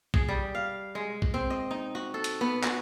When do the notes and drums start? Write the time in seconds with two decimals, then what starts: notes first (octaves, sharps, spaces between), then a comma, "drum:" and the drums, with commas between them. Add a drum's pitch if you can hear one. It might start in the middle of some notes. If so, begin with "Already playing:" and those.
0.14 G#4, drum: kick
0.29 G3
0.55 F5
0.95 G#3
1.22 drum: kick
1.34 C4
1.50 D#5
1.71 D#4
1.95 F#4
2.14 A4
2.24 drum: hi-hat
2.41 B3
2.64 F#4, drum: clap